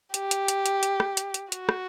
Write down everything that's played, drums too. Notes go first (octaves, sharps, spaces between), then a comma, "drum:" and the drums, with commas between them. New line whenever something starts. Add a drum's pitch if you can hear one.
G4, drum: hi-hat
drum: hi-hat
drum: hi-hat
drum: hi-hat
drum: hi-hat
drum: rim click
drum: hi-hat
drum: hi-hat
F#4, drum: hi-hat
drum: rim click